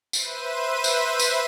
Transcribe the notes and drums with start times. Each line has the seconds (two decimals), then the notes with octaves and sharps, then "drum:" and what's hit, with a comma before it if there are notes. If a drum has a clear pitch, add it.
0.13 B4 C5 E5 D#7, drum: tambourine
0.84 drum: tambourine
1.19 drum: tambourine